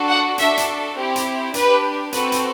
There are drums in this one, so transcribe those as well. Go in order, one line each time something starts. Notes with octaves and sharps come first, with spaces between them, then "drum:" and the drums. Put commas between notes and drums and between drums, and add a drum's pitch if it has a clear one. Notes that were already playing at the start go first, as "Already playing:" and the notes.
Already playing: D4 F#4 A4
F#5
D4 F#4 A4 E5, drum: hi-hat
drum: hi-hat
C4 E4 G4
drum: hi-hat
D4 G4 B4, drum: hi-hat
C4 F#4 A4 B4, drum: hi-hat
drum: hi-hat